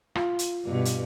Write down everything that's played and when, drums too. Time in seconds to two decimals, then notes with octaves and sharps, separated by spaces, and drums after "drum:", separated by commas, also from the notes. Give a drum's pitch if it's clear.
0.15 F4, drum: rim click
0.39 drum: hi-hat
0.65 G2 B2
0.85 drum: hi-hat